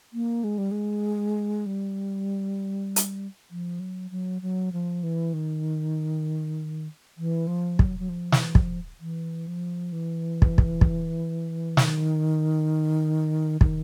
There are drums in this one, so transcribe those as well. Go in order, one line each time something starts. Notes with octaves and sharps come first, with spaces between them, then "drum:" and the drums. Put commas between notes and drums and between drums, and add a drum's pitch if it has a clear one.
A#3
G#3
G3
G#3
G3
drum: hi-hat
F3
F#3
F#3
F#3
F3
E3
D#3
E3
F3
F#3, drum: kick
F#3
F3
E3, drum: snare
F3, drum: kick
E3
F3
E3
drum: kick
drum: kick
drum: kick
D#3, drum: snare
D#3, drum: kick